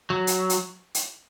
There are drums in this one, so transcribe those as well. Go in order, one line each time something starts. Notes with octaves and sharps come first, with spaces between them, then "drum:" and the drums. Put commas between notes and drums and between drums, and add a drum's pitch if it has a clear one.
F#3
drum: hi-hat
drum: hi-hat
drum: hi-hat